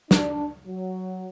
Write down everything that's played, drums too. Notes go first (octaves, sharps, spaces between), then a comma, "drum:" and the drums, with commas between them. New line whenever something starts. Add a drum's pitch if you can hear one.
D4, drum: snare
F#3